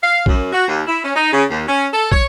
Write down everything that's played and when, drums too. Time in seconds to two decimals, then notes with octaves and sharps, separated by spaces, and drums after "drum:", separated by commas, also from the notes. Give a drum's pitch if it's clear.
0.02 F5
0.26 F#2, drum: kick
0.52 F#4
0.68 D#2
0.87 E4
1.03 C#4
1.15 D#4
1.32 C#3
1.50 D#2
1.67 C#4
1.92 A4
2.12 C#5, drum: kick